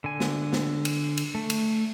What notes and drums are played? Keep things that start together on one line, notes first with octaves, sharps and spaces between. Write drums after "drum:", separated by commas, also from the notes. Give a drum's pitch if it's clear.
D3 G#5
drum: snare
drum: snare
drum: cymbal
drum: cymbal
A3
drum: cymbal